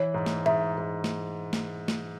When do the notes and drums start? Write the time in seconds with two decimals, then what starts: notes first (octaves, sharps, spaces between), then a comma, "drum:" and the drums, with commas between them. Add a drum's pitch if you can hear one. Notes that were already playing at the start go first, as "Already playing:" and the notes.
Already playing: E3 C#5
0.14 G#2
0.26 drum: snare A3
0.46 G#2 E5
0.78 G#2
1.04 drum: snare A3
1.53 drum: snare A3
1.88 drum: snare A3